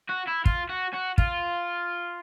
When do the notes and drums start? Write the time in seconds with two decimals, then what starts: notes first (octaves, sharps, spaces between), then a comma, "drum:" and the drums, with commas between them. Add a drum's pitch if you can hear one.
0.10 F#4
0.28 E4
0.46 F4, drum: kick
0.70 F#4
0.94 F#4
1.18 F4, drum: kick